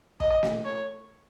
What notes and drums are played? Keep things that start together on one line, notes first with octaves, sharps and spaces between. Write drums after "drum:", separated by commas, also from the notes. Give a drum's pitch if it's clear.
D#5, drum: kick
drum: snare
C#5